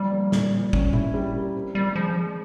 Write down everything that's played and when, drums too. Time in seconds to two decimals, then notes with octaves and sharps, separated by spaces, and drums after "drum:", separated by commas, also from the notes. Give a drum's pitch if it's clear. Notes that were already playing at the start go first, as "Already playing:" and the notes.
Already playing: F3 G3
0.12 A#3
0.32 A#2, drum: snare
0.52 A#2
0.73 C#4, drum: kick
0.93 E4, drum: tom
1.14 G3
1.34 A#4
1.55 C4
1.75 G3 F4
1.96 F3 G#3
2.16 G#4